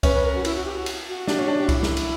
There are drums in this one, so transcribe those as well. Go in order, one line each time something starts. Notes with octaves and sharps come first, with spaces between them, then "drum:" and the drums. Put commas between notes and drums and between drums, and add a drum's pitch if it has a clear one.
C#4 B4, drum: kick C2, cymbal
B4
A#4
F#4
E4, drum: cymbal
F#4
G4
F#4
drum: cymbal
F#4
D4 G4, drum: snare
C#4 F#4
D4 G4
G4
E4, drum: kick C2, cymbal
drum: snare
drum: cymbal